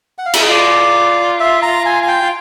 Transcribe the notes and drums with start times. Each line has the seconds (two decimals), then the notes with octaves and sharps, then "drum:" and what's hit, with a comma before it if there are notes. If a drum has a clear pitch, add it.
0.18 F#5
0.26 F5
0.34 E5, drum: cymbal
0.41 D#5
0.50 F4 D5
1.40 E5
1.62 A#5
1.86 G#5
2.03 G#5
2.08 G5
2.22 F4